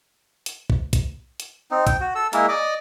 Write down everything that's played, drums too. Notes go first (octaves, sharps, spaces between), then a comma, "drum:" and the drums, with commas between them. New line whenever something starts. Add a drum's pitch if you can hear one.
drum: hi-hat
drum: kick
drum: kick, hi-hat
drum: hi-hat
C4 D#4
G5, drum: kick, hi-hat
F#4
A4 E6
G#3 A#3 E4 A#4, drum: hi-hat
D5 D#5 D6